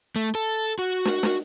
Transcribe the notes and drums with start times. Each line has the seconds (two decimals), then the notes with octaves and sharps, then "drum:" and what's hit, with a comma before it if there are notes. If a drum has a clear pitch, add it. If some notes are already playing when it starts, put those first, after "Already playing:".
0.16 A3
0.35 A4
0.79 F#4
1.05 drum: snare
1.23 drum: snare